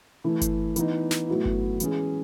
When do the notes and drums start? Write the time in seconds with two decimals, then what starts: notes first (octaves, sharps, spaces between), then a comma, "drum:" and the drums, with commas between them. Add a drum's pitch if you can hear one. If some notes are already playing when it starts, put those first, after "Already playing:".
0.24 E3 A3 E4
0.41 drum: kick G1, hi-hat
0.76 E3 B3 D#4, drum: hi-hat
1.11 drum: snare
1.28 A2 F#3 B3 E4
1.45 drum: kick G1
1.80 E3 G#3 C#4 G#4, drum: hi-hat